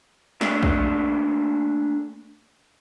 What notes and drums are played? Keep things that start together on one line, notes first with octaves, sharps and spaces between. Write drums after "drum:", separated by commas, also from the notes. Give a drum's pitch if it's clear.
A3 A#3 D4 G#4 A4 D5, drum: snare
drum: kick